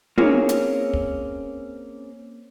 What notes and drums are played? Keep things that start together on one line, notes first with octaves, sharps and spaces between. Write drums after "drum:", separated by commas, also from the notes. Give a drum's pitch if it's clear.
A#3 C4 C#4 G#4, drum: tom
drum: hi-hat
drum: kick